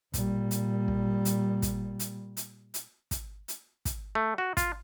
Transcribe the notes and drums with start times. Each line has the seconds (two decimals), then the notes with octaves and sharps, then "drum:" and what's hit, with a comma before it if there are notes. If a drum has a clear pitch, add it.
0.14 A#2 G3, drum: kick, hi-hat
0.51 drum: hi-hat
0.88 drum: kick
1.25 drum: hi-hat
1.62 drum: kick, hi-hat
1.99 drum: hi-hat
2.37 drum: hi-hat
2.74 drum: hi-hat
3.11 drum: kick, hi-hat
3.48 drum: hi-hat
3.85 drum: kick, hi-hat
4.15 A3
4.38 F#4
4.57 F4, drum: kick, hi-hat